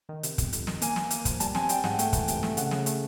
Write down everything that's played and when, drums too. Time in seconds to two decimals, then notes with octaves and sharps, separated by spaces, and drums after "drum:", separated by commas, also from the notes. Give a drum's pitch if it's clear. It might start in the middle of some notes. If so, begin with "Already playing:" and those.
0.09 D#3
0.23 C3, drum: hi-hat
0.38 G1, drum: kick, hi-hat
0.53 F2, drum: hi-hat
0.67 D#3, drum: snare
0.82 A#3 G#5, drum: hi-hat
0.96 A#3, drum: snare
1.10 A#3, drum: hi-hat
1.25 F3, drum: kick, hi-hat
1.40 G3 A5, drum: hi-hat
1.55 C4 G#5, drum: snare
1.69 G3 G5, drum: hi-hat
1.84 G#2 F#5, drum: snare
1.99 A3 G5, drum: hi-hat
2.13 E3, drum: kick, hi-hat
2.28 C3, drum: hi-hat
2.43 A3, drum: snare
2.57 C#3 F#5, drum: hi-hat
2.71 C#3, drum: snare
2.86 A3, drum: hi-hat